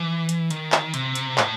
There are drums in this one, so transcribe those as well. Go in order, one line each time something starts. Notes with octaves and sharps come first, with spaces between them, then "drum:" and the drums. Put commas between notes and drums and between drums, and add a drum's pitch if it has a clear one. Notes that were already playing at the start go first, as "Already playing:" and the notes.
Already playing: E3
drum: hi-hat
D#3, drum: hi-hat
drum: clap
C3, drum: hi-hat
drum: hi-hat
A2, drum: clap